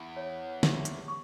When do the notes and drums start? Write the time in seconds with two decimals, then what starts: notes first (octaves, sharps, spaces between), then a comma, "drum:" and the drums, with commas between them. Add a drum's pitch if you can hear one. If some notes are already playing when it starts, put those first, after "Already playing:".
Already playing: E2
0.16 C#5
0.63 G4, drum: snare
0.85 drum: hi-hat
1.08 C#6